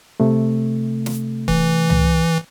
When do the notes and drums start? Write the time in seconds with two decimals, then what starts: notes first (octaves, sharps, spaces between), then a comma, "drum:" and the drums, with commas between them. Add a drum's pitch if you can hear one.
0.20 C3 A3
1.06 drum: snare
1.48 E3, drum: kick C#1
1.90 drum: tom C#2